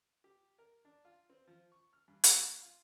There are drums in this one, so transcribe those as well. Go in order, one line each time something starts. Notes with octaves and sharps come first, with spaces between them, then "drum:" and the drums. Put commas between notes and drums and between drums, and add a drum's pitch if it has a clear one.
G4
A#4
D4
F4
C4
F3
C#6
F6
G2
F3, drum: hi-hat
A#2
F4